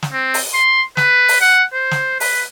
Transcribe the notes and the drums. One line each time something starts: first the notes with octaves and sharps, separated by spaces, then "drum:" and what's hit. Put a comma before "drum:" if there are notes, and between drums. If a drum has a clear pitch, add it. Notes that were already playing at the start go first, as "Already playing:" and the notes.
drum: snare
C4
drum: open hi-hat
C6
B4, drum: snare
drum: open hi-hat
F#5
C5
drum: snare
B4, drum: open hi-hat